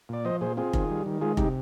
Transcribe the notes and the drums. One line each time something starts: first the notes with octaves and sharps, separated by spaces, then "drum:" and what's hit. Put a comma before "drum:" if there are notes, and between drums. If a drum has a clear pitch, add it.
A#2 D5
F3 C5 D#5
A#2 G#4 C5
C4 F4 G#4
D#3, drum: kick F1
G3
D#3
G#3 F4 G#4
C3 D#4 G4, drum: kick F1